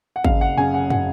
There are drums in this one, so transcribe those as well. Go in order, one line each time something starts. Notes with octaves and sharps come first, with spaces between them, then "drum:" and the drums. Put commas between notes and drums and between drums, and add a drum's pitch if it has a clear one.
F#5
F#1 F5, drum: kick G#1
F#5
F#2 C#3 G#5
F#5
F#5, drum: tom